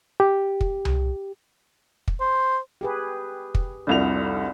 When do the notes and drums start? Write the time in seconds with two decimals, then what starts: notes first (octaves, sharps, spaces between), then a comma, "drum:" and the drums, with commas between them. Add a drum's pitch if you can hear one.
0.20 G4
0.61 drum: kick
0.85 drum: tom C2
2.08 drum: kick
2.20 C5
2.81 G4 G#4 B4
3.55 drum: kick
3.87 F1 C2 D4 F4 F#4 F7